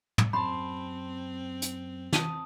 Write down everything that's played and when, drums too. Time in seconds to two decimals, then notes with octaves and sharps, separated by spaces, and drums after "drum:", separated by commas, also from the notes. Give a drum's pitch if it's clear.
0.18 drum: tom
0.33 F#2 C4 A5 B5 C6
1.62 drum: hi-hat
2.13 A5 D#6, drum: snare